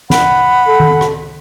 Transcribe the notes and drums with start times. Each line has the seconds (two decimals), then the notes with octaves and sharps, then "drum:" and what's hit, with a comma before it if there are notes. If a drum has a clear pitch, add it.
0.10 F#5 B5, drum: snare
0.68 A4
0.80 drum: tom D#3
1.01 drum: rim click